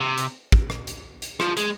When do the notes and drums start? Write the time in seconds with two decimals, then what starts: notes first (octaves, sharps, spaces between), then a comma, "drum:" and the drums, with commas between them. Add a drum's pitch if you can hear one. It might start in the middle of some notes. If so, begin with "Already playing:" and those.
0.01 C3
0.18 drum: hi-hat
0.52 drum: kick
0.70 drum: rim click
0.87 drum: hi-hat
1.22 drum: hi-hat
1.40 F3, drum: rim click
1.57 G#3, drum: hi-hat